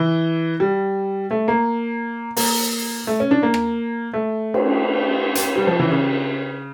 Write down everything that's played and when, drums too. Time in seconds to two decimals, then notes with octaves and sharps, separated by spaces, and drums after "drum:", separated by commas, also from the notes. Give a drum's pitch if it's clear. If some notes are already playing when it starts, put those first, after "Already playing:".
Already playing: E3
0.60 G3
1.31 A3
1.48 A#3
2.36 A#3, drum: open hi-hat
3.07 A3
3.20 C#4
3.31 D4
3.43 A#3
3.54 drum: rim click
4.13 A3
4.54 drum: cymbal
5.35 drum: hi-hat
5.56 G3
5.67 F3
5.80 E3
5.90 C#3